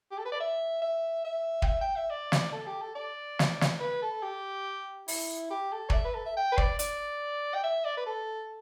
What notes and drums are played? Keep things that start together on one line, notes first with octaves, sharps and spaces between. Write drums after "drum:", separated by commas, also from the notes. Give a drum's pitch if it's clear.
G4
A4
B4
D5
E5
E5
E5
G5, drum: kick
E5
G5
E5
D5
drum: snare
A4
G4
A4
D5
drum: snare
drum: snare
B4
A4
G4
E4, drum: open hi-hat
G4
A4
D5, drum: kick
E5
B4
A4
E5
G5
B4
D5, drum: kick
D5, drum: hi-hat
G5
E5
D5
B4
A4